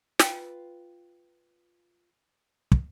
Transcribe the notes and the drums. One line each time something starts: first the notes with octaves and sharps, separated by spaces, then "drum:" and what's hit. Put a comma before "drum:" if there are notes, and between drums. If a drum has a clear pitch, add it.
F4 B4 G5, drum: snare
drum: kick